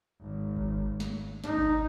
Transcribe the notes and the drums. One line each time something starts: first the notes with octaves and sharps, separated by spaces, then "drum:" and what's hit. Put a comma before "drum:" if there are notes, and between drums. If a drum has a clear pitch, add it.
G#1
drum: kick G#1
drum: snare
D#4, drum: snare
drum: kick G#1